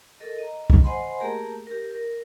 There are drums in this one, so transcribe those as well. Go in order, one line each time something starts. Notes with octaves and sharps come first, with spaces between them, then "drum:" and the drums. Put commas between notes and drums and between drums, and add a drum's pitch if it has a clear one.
A4 A#4 D#5
D#5 A#5
drum: kick
C5 D#5 F#5 G#5 B5 C6
A3 A#3 G4 G#4 A#4 A#5
G4 A#4
A#4